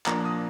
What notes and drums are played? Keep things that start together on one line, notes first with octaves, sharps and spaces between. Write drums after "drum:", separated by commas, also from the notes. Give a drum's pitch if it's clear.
A#2 F3 A#3 D4 A#5, drum: clap
D#6